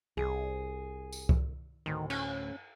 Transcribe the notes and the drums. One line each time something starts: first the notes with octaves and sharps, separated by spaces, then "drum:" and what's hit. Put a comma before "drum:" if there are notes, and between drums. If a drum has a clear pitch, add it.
C2 G#4
drum: tambourine
drum: kick C2
D2 A2 D#3
C#4, drum: cymbal